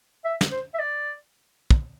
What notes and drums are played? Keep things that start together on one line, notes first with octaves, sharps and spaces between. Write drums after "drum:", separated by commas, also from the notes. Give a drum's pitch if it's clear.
E5
drum: snare
C5
E5
D5
drum: kick